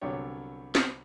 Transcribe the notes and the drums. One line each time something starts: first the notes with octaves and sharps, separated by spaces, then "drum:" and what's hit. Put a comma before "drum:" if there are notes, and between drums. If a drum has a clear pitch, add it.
C2 D3 F#3 B3 G4 C#5
drum: snare